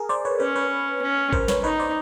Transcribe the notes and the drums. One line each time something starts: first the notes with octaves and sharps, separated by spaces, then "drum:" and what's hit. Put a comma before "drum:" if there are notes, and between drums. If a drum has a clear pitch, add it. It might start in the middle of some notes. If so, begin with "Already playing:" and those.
Already playing: G#4 A#4
C5 D5
B4 C#5
C#4 B4 C#5
B4 C#5
C#4
A#4 C5, drum: kick G#1
B4 C#5, drum: snare
D#4 B4 C#5
C5 D5